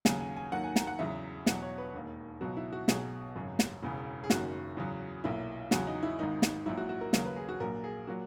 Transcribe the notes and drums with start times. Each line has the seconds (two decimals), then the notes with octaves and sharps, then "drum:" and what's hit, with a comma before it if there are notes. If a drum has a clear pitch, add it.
0.05 D#2 C#3 F#3 G#5, drum: snare
0.21 G#5
0.36 G#5
0.52 D#2 D#3 F#3 F#5
0.64 G#5
0.76 A#5, drum: snare
0.87 F#5
0.99 E2 C#3 F#3 E5
1.46 E2 B2 F#3 F#5, drum: snare
1.62 C#5
1.78 B4
1.94 E1 D#2 D#3
2.41 C#2 B2 F#3 F#4
2.57 E4
2.73 F#4
2.88 B1 B2 F#3 G#4, drum: snare
3.35 G#1 F#2 C#3 F#3
3.59 drum: snare
3.83 E1 E2 C#3
4.24 G#4
4.30 F#1 F#2 D#3 F#4, drum: snare
4.77 E2 C#3 F#3
5.24 B1 A#2 F#3 E4
5.71 E2 C#3 F#3 F#4, drum: snare
5.87 D#4
6.03 E4
6.19 G#1 G#2 D#3 D#4
6.42 drum: snare
6.66 A#1 G#2 F#3 E4
6.77 F#4
6.89 F#4
7.01 A#4
7.13 D#2 C#3 F#3 A#4, drum: snare
7.25 B4
7.36 G#4
7.49 F#4
7.60 A#1 A#2 F#3 A#4
7.84 G#4
8.07 A#2 F#3 F#4